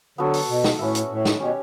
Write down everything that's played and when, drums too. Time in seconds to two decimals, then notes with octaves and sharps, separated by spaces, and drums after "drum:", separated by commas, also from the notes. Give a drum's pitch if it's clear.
0.18 D3 F#3 B3 F#4 A4
0.34 drum: open hi-hat
0.49 B2
0.64 drum: snare
0.79 A2 C#4 F#4 B4 E5
0.95 drum: hi-hat
1.10 A2
1.25 drum: snare
1.40 B2 C#4 G4 C#5